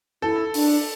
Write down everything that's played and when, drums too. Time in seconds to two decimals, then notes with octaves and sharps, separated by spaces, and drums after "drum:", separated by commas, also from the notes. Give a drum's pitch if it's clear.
0.22 E4 A4
0.54 D4, drum: open hi-hat